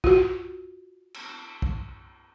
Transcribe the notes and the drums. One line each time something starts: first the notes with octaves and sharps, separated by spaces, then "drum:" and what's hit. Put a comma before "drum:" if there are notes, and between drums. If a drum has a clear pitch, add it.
F4 F#4, drum: kick B1
drum: cymbal
drum: kick B1